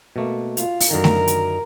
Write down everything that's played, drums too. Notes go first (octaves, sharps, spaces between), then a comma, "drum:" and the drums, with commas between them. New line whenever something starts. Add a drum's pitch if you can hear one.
B2 A3 A#3
F4, drum: hi-hat
drum: open hi-hat
F#2 D3 D#3 A#4
drum: snare A3
drum: hi-hat